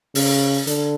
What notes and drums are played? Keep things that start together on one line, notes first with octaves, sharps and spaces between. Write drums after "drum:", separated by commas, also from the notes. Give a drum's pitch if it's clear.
C#3, drum: open hi-hat
D3, drum: hi-hat